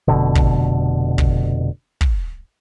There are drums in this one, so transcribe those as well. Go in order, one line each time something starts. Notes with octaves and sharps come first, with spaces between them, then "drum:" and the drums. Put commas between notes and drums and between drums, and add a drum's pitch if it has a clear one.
F1 B2 D3
drum: kick
drum: kick
drum: kick